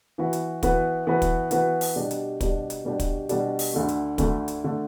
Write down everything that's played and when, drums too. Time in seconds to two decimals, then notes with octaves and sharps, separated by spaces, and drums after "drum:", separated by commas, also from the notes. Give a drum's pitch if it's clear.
0.18 E3 B3 F#4 B4
0.33 drum: hi-hat
0.63 E3 B3 F#4 B4, drum: kick, hi-hat
1.07 E3 B3 F#4 B4
1.22 drum: kick, hi-hat
1.51 E3 B3 F#4 B4, drum: hi-hat
1.81 drum: open hi-hat
1.96 B2 G3 D4 G4
2.11 drum: hi-hat
2.41 B2 G3 D4 G4, drum: kick, hi-hat
2.70 drum: hi-hat
2.85 B2 G3 D4 G4
3.00 drum: kick, hi-hat
3.29 B2 G3 D4 G4, drum: hi-hat
3.59 drum: open hi-hat
3.73 D2 D3 A3
3.88 drum: hi-hat
4.18 D2 D3 A3, drum: kick, hi-hat
4.48 drum: hi-hat
4.64 D3 A3